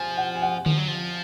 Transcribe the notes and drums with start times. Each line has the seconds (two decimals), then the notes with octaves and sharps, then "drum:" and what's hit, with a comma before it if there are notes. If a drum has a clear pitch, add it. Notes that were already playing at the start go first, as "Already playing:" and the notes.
Already playing: F3 G#5
0.17 F#5
0.36 G#5
0.42 F#5
0.66 F3, drum: tom D3
0.78 F#3
0.88 F3